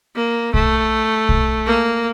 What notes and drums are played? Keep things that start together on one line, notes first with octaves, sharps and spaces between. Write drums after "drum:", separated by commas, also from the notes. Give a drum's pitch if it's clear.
A#3
A3, drum: kick
drum: kick
A#3